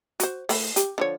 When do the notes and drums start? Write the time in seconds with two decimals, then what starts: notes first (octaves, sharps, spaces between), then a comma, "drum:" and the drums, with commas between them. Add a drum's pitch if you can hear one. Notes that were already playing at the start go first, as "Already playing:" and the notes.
0.20 F#4 C5, drum: hi-hat
0.49 A3 B5, drum: open hi-hat
0.76 G4, drum: hi-hat
0.98 D3 F3 C#5